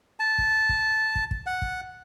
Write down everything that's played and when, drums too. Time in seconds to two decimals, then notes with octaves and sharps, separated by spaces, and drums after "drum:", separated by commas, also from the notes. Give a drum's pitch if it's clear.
0.20 A5
0.38 drum: kick
0.69 drum: kick
1.16 drum: kick
1.31 drum: kick
1.46 F#5
1.62 drum: kick